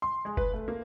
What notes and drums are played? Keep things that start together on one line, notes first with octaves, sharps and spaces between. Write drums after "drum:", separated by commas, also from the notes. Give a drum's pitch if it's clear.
C6
G#3
B4, drum: kick F#1
A3
A#3